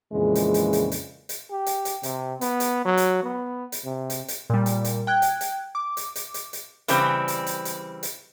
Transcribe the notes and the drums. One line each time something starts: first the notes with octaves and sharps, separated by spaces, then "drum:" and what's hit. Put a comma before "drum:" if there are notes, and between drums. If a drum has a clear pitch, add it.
F2 A#2 C#3 E3 G#3
drum: hi-hat
drum: hi-hat
drum: hi-hat
drum: hi-hat
drum: hi-hat
G4
drum: hi-hat
drum: hi-hat
C3, drum: hi-hat
B3, drum: hi-hat
drum: hi-hat
F#3
drum: hi-hat
B3
drum: hi-hat
C3
drum: hi-hat
drum: hi-hat
A#2 G3
drum: hi-hat
drum: hi-hat
G5 F#6 G#6
drum: hi-hat
drum: hi-hat
D6
drum: hi-hat
drum: hi-hat
drum: hi-hat
drum: hi-hat
C#3 E3 G3 C4, drum: hi-hat
drum: hi-hat
drum: hi-hat
drum: hi-hat
drum: hi-hat